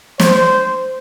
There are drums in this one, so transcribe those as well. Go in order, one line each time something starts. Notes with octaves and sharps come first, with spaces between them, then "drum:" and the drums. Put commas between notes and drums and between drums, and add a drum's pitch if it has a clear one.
C5, drum: snare